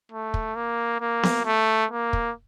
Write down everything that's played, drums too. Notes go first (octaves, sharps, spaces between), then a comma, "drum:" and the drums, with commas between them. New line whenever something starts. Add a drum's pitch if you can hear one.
A3
drum: kick
A#3
A#3
drum: snare B3
A3
A#3
drum: kick